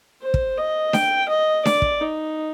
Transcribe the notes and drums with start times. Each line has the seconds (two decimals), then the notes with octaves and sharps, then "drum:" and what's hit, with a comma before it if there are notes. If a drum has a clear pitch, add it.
0.22 C5
0.34 drum: kick
0.57 D#5
0.93 G5, drum: snare D4
1.29 D#5
1.65 D5, drum: snare D4
1.82 drum: kick
2.01 D#4